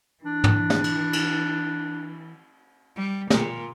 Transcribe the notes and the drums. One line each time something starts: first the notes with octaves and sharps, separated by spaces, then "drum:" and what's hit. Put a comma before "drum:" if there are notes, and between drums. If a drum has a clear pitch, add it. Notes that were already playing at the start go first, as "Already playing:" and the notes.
E3 D4
drum: tom
drum: snare
drum: cymbal
drum: cymbal
G3
A#2, drum: snare